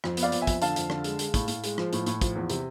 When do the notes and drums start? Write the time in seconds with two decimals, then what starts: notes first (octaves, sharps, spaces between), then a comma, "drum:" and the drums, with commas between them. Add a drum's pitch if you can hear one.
0.04 F2, drum: rim click
0.17 B3, drum: hi-hat
0.22 D5 F5
0.32 F2, drum: hi-hat
0.41 E5 G#5
0.47 F2, drum: kick, hi-hat
0.62 D3 F5 A5, drum: hi-hat
0.76 F2, drum: hi-hat
0.90 D3, drum: rim click
1.04 G#3, drum: hi-hat
1.19 G#3, drum: hi-hat
1.34 A2, drum: kick, hi-hat
1.48 A2, drum: hi-hat
1.64 G#3, drum: hi-hat
1.78 F3, drum: rim click
1.93 A2, drum: hi-hat
2.06 A2, drum: hi-hat
2.21 F3, drum: kick, hi-hat
2.36 E2
2.50 C3, drum: hi-hat